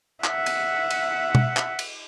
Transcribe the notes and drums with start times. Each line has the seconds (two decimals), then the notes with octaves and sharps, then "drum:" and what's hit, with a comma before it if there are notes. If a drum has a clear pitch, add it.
0.24 E5 F#5, drum: clap
0.46 drum: cymbal
0.90 drum: cymbal
1.35 drum: tom B2
1.57 drum: clap
1.79 drum: cymbal